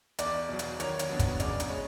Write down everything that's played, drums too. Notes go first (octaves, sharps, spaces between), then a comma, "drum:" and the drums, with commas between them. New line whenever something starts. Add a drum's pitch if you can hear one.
E2 D5, drum: hi-hat
B2 F#3
drum: hi-hat
D#3 C#5, drum: hi-hat
drum: hi-hat
F#3 B3 D4
drum: kick, hi-hat
C#3 D5, drum: hi-hat
drum: hi-hat
G#3 C#5